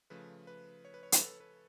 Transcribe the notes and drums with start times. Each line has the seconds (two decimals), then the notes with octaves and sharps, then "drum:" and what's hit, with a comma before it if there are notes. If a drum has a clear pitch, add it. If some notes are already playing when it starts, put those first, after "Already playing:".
0.10 C#3 F3 A3 B4
0.47 B4
0.85 C#5
0.94 B4
1.03 C#5
1.12 B4, drum: hi-hat
1.22 A4
1.40 B4